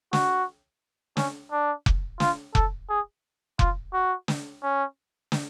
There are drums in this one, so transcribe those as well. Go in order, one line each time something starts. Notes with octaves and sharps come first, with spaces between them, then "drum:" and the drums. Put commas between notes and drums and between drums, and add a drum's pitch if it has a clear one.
F#4, drum: snare
C#4, drum: snare
D4
drum: kick F1
F4, drum: snare
A4, drum: kick F1
G#4
F4, drum: kick F1
F#4
drum: snare
C#4
drum: snare